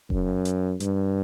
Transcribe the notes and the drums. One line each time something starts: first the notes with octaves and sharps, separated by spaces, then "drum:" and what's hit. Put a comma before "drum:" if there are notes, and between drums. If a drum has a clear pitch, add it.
F#2, drum: kick F1
drum: hi-hat
G2, drum: hi-hat